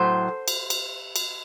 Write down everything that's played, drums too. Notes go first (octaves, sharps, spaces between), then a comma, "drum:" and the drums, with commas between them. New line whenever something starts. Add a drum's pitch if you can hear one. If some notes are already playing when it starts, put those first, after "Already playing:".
Already playing: A2 F#3 A3 C5
drum: cymbal
drum: cymbal
drum: cymbal